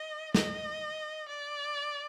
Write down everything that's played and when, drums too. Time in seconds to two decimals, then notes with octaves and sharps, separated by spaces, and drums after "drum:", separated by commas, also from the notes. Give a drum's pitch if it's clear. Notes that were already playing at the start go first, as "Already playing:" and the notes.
Already playing: D#5
0.35 D#5, drum: snare
1.28 D5